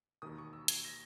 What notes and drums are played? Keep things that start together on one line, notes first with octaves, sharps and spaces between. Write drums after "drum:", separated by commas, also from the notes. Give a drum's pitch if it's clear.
E1 D#2 D#3 D#6
C#6
E6
G#6, drum: hi-hat
A#6